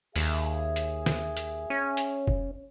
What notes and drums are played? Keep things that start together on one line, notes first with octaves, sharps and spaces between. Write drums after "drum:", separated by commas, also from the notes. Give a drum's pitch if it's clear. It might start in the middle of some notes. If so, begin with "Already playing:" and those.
D#2 G#4 E5, drum: open hi-hat
drum: hi-hat
drum: snare
drum: hi-hat
C#4
drum: hi-hat
drum: kick F1